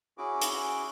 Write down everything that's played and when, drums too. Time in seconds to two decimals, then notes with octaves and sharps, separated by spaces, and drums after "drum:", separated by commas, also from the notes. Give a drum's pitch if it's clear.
0.18 C#4 E4 F#4 G#4 D6
0.42 drum: hi-hat